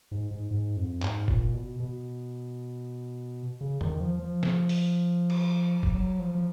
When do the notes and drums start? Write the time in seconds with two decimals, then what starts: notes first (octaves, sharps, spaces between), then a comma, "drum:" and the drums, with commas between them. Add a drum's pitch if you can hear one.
0.11 G#2
0.31 G#2
0.51 G#2
0.77 F2
1.02 G#2, drum: clap
1.28 A#2, drum: kick
1.54 B2
1.80 B2
3.61 C#3
3.81 D#3, drum: tom E2
4.01 F3
4.19 F3
4.43 drum: snare
4.69 drum: open hi-hat
5.30 drum: cymbal
5.83 drum: kick
5.94 F#3
6.19 F3
6.35 F3